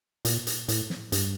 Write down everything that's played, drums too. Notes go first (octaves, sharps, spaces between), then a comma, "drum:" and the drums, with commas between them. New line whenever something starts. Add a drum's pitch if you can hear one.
A#2, drum: hi-hat
drum: hi-hat
A2, drum: hi-hat
drum: snare
G2, drum: hi-hat